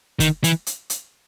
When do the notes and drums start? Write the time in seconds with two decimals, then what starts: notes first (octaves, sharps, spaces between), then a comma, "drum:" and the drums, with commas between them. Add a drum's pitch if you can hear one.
0.20 D#3, drum: kick F1, hi-hat
0.44 E3, drum: hi-hat
0.67 drum: hi-hat
0.90 drum: hi-hat